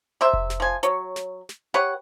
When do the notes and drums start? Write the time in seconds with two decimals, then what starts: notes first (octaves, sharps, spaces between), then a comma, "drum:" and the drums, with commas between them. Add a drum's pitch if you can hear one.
0.21 C3 C5 E5
0.33 drum: kick F1
0.50 drum: snare
0.60 F3 G#5
0.83 F#3 C#5, drum: hi-hat
1.16 drum: snare
1.49 drum: snare
1.74 G4 B4 C#5 F#5